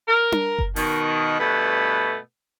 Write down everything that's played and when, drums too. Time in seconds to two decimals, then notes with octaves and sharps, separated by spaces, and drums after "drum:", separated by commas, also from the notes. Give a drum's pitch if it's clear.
0.09 A#4
0.32 drum: tom D4
0.59 drum: kick F#1
0.76 B2 D#3, drum: open hi-hat
1.39 G2 B2 A3 B4